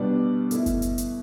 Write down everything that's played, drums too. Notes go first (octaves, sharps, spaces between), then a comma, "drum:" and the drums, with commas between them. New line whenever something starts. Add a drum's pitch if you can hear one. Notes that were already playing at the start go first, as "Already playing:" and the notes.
Already playing: B2 G3 B3 D4 D5
B2 A3 E4, drum: hi-hat
drum: kick F#1, hi-hat
drum: hi-hat
drum: hi-hat